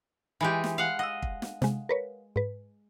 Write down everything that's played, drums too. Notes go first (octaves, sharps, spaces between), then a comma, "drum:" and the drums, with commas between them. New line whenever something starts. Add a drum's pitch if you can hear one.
E3 G#3 G4
drum: snare
F5 F#5
D#5 F#5 E6
drum: kick
drum: snare
C3 G#3, drum: snare
A#4 B4 C#5
G#2 B4